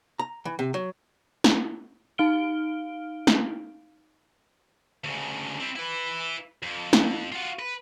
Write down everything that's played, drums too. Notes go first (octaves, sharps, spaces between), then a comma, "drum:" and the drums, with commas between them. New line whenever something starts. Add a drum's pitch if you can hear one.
A#5
E3
C3
F#3
drum: snare
D#4 F5 F6 D7 G7
drum: snare
D2 C#3
C4 E4
E4 B4
F2
drum: snare
F4 F#4
B4